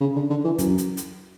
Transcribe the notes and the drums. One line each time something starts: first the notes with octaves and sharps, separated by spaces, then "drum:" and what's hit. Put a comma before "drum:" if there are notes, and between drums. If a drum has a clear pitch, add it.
C#3
D3
D3
E3
F#2, drum: kick, hi-hat
drum: hi-hat
drum: hi-hat